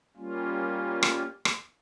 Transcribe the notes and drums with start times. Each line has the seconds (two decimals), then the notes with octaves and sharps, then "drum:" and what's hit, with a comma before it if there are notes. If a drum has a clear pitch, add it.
0.17 G3 A#3 C#4 F4
1.03 drum: rim click
1.45 drum: rim click